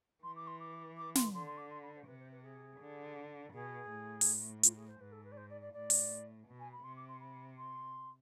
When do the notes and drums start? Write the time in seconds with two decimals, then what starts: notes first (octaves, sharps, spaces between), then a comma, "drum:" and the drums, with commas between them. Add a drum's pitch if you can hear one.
0.23 E3 C6
0.36 D6
0.47 C6
0.60 D6
0.97 D6
1.15 C6, drum: snare
1.33 D3 C6
1.46 C6
1.57 D6
1.70 C6
1.83 B5
1.95 C5
2.07 C3 B4
2.20 C5
2.32 B4
2.43 G#4
2.80 D3
3.53 B2 G#4
3.90 A2
4.21 drum: open hi-hat
4.63 F4, drum: hi-hat
4.76 G#4
4.88 C5
5.01 G#2 B4
5.12 A4
5.24 B4
5.32 D5
5.37 C5
5.50 D5
5.61 D5
5.73 A2 D5
5.90 drum: open hi-hat
6.48 B2
6.60 G#5
6.72 B5
6.84 C3 C6
6.97 D6
7.08 C6
7.20 B5
7.58 C6